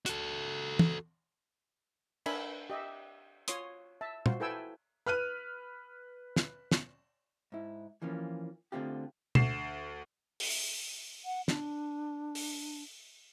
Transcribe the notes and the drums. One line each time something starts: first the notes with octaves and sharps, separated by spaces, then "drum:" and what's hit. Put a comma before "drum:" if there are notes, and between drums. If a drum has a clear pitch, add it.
F#4 A4, drum: hi-hat
drum: tom
D4 A#4 E5 G#5 B5, drum: cymbal
G4 D#5 E5
F4 C#5 C6 D#6, drum: hi-hat
E5 A5
F4 F#4 C5, drum: tom
E4 A4 B4 G5 G#5 E6
B4 F6 F#6 D#7
drum: snare
drum: snare
G#2 E4
E3 F3 A#3 C#4
D3 A3 C4 F4 G4
D2 C7 E7, drum: tom B2
drum: open hi-hat
F#5
D4, drum: snare
drum: open hi-hat